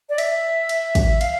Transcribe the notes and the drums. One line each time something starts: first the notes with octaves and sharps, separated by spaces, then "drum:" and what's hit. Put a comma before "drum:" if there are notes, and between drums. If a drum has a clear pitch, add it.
D5
E5, drum: cymbal
drum: cymbal
drum: kick, cymbal
F5, drum: cymbal